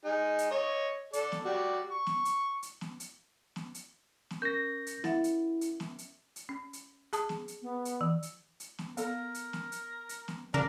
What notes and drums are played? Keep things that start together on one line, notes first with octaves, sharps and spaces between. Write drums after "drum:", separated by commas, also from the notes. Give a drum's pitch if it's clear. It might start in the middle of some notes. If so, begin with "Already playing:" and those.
D#4 G#4
drum: hi-hat
C#5 D#5
A4 D5, drum: hi-hat
drum: snare B3
F#4 G4 D5
C#6
drum: snare B3
drum: hi-hat
drum: hi-hat
drum: snare B3
drum: hi-hat
drum: snare B3
drum: hi-hat
drum: snare B3
C#4 A#4 G6 A#6
drum: hi-hat
E4 E5 F#5 A6, drum: snare B3
drum: hi-hat
drum: hi-hat
drum: snare B3
drum: hi-hat
drum: hi-hat
C#4
drum: hi-hat
G#4 A5 D#6, drum: hi-hat
drum: snare B3
drum: hi-hat
B3
drum: hi-hat
E3
drum: hi-hat
drum: hi-hat
drum: snare B3
B3 A4 A#4, drum: hi-hat
drum: hi-hat
drum: snare B3
drum: hi-hat
drum: hi-hat
drum: snare B3
C#3 D4 A#4